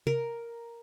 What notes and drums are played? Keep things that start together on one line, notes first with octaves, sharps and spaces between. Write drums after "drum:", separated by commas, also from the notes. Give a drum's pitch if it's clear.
A#4, drum: tom C3